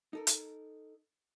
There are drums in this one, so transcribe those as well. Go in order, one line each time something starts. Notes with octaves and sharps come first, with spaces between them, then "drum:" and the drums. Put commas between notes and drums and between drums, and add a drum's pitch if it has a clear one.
D#4 A4 A#4
drum: hi-hat